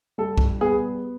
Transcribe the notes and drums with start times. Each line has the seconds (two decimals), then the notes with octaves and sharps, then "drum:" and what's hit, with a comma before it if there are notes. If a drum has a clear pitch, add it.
0.18 G3 A4
0.38 drum: kick A#1
0.61 B3 G#4